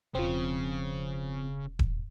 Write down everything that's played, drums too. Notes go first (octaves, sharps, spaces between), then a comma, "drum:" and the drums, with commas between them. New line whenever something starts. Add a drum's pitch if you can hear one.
E1 C#3 F3 C4
drum: kick D#1